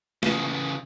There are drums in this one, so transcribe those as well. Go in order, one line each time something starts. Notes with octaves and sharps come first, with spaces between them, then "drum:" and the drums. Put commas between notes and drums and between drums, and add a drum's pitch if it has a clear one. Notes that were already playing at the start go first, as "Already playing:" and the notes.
C#3 E3, drum: snare